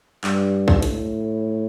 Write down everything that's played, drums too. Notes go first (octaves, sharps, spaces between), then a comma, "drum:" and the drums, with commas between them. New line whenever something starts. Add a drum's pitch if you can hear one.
G2, drum: clap
drum: kick B1
A2, drum: hi-hat